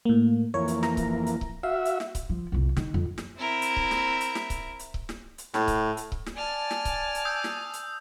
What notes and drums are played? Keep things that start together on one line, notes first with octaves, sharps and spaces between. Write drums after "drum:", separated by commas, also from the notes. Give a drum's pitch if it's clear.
A2 A#3
F2 E3 A#3 C#5
drum: hi-hat
A#5, drum: snare
drum: kick C#1, hi-hat
drum: hi-hat
drum: kick C#1
F#4 E5 F5
drum: hi-hat
drum: snare
drum: kick C#1, hi-hat
F3
C2 F2
D#3, drum: snare
F2
drum: snare
C4 E4 A#4 E5
drum: hi-hat
drum: kick C#1
drum: snare
drum: hi-hat
drum: snare
drum: kick C#1, hi-hat
drum: hi-hat
drum: kick C#1
drum: snare
drum: hi-hat
A2, drum: snare
drum: kick C#1, hi-hat
drum: hi-hat
drum: kick C#1
drum: snare
D5 G#5 A5 F6
drum: snare
drum: kick C#1, hi-hat
drum: hi-hat
D#6 E6 G6
drum: snare
drum: hi-hat